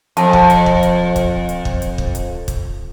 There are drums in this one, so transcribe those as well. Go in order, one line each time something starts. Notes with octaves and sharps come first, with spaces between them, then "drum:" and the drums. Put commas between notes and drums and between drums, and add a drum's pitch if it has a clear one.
F2 A5, drum: hi-hat
drum: kick
drum: hi-hat
drum: kick
drum: hi-hat
drum: kick, hi-hat
drum: hi-hat
drum: kick
drum: hi-hat
drum: kick
drum: hi-hat
drum: kick, hi-hat